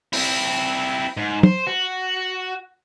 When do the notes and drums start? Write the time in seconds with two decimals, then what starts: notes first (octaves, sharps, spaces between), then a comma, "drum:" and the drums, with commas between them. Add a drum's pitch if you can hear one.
0.13 C4 E4, drum: open hi-hat
1.17 G#2
1.43 C5, drum: tom
1.67 F#4